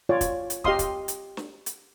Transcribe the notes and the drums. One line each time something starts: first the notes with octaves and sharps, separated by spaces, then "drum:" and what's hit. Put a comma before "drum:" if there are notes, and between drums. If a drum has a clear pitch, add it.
F4 C#5 D5
drum: kick, hi-hat
drum: hi-hat
G4 D#5 F5 C6 D#6, drum: kick
drum: kick, hi-hat
drum: hi-hat
drum: snare
drum: hi-hat